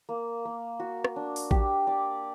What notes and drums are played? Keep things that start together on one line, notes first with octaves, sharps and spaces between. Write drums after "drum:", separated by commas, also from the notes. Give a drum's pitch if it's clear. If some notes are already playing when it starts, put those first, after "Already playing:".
A#3
A#3
F#4
drum: rim click
D4
drum: open hi-hat
G4, drum: kick A1
D5